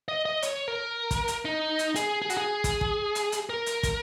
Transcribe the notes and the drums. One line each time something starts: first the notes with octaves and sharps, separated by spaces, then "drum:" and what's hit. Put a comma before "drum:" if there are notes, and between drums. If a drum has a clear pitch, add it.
D#5
D#5
C#5, drum: hi-hat
A#4
drum: kick, hi-hat
drum: hi-hat
D#4
drum: hi-hat
G#4, drum: hi-hat
G#4
F#4, drum: hi-hat
G#4
drum: kick, hi-hat
drum: kick
drum: hi-hat
drum: hi-hat
A#4
drum: hi-hat
drum: kick, hi-hat